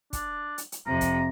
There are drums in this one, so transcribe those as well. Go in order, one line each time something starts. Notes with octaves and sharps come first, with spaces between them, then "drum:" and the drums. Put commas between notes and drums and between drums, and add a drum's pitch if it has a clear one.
D4, drum: kick, hi-hat
drum: hi-hat
drum: hi-hat
F2 C3 A#5
drum: kick, hi-hat